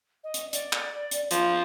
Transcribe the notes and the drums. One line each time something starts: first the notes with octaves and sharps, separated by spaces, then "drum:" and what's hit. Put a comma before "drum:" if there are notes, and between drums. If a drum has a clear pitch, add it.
D#5
drum: hi-hat
D5, drum: hi-hat
drum: clap
drum: hi-hat
F3, drum: hi-hat